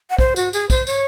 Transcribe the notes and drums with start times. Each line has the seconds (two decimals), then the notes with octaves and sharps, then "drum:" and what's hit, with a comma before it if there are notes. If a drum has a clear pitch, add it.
0.10 F#5
0.18 C5, drum: kick
0.36 F#4, drum: tambourine
0.53 G#4, drum: tambourine
0.70 C5, drum: kick, tambourine
0.87 C#5, drum: tambourine